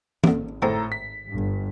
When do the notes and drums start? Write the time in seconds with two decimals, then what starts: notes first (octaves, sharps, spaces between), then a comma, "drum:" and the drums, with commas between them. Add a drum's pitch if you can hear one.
0.24 G#1 D3 A#3, drum: tom E3
0.62 A2 D3 G#3 C4 A4 A#5
0.92 B6
1.28 G1 G2